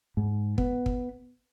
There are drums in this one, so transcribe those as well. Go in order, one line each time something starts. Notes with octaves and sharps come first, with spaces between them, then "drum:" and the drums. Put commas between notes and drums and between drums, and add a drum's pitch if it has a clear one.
G#2
B3, drum: kick
drum: kick